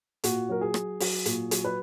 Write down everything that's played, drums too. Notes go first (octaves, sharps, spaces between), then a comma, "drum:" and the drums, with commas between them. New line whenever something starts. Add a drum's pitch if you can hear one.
A#2 F#4, drum: hi-hat
F#3 A#4
G#4
F#3, drum: rim click
F#3, drum: open hi-hat
A#2, drum: hi-hat
F#3, drum: hi-hat
B4